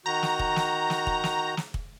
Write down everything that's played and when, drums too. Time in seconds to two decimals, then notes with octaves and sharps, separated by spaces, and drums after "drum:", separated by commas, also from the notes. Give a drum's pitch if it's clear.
0.06 D#3 F#4 A#5 G6
0.23 drum: snare
0.39 drum: kick
0.56 drum: snare
0.90 drum: snare
1.07 drum: kick
1.24 drum: snare
1.57 drum: snare
1.74 drum: kick